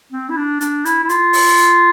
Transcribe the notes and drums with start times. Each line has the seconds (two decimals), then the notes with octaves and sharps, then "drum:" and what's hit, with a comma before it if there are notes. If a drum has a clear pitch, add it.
0.12 C4
0.29 E4
0.37 D4
0.61 D4, drum: hi-hat
0.85 E4, drum: hi-hat
1.04 E4
1.09 F4, drum: hi-hat
1.33 drum: open hi-hat
1.57 drum: hi-hat